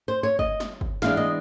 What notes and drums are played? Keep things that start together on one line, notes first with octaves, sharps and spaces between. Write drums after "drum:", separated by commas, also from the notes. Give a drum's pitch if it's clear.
C5
C#5
D#5, drum: kick
drum: snare
drum: kick
E3 G#3 B3 D4 F5, drum: snare
D#5